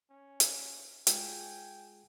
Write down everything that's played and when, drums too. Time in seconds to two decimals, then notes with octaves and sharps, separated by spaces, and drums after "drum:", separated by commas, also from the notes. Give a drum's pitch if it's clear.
0.10 C#4
0.40 drum: hi-hat
1.07 G#3 F4 G#4 G5 G#5, drum: hi-hat